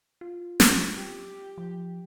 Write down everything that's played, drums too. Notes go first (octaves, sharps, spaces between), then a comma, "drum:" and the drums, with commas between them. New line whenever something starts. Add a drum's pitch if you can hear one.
F4
drum: snare
G4
F3